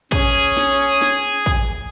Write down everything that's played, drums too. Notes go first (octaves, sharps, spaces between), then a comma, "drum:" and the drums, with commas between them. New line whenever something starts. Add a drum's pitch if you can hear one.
C#4 G#4, drum: kick
drum: snare
drum: snare
drum: kick